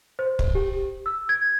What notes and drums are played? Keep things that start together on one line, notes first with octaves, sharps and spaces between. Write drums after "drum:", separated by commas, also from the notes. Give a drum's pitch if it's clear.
C5
drum: kick
G4
E6
G#6